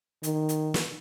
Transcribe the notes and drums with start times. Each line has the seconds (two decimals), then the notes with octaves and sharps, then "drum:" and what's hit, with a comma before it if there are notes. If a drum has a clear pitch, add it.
0.23 D#3, drum: hi-hat
0.49 drum: hi-hat
0.74 drum: snare